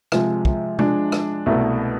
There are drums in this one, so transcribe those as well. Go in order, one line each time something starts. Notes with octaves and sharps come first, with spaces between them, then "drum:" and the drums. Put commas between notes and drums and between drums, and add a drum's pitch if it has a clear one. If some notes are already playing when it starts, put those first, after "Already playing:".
C3 F3 G#3, drum: rim click
drum: kick
F3 G#3 D4, drum: tom C3
drum: rim click
C2 B2 A3